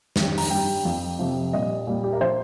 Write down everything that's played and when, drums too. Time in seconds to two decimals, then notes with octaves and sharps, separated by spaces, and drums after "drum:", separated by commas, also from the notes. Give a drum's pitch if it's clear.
0.16 F2 D#3 G3, drum: snare
0.38 A#5, drum: open hi-hat
0.50 G2 G3 G5
0.85 F2 F3
1.19 F2 C3 F3
1.53 A#2 G3 D#5
1.87 A#2 G3
2.04 G4
2.13 A#4
2.21 F3 C5